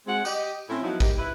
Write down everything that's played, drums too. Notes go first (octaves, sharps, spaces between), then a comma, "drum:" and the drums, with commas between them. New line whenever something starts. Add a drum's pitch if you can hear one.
G#3 C4 F#5
G4 D#5, drum: tambourine
A2 C4 C#4 E4
F3 F#3 B3 D#4 E4 F#4
A#3 D#4 G4, drum: kick, tambourine
E4 B4